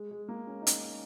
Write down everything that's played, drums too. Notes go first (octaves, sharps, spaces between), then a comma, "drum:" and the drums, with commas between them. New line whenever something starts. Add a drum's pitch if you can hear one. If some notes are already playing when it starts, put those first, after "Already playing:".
Already playing: G#3
G#3
A#3
C#4
D#4
C#4, drum: hi-hat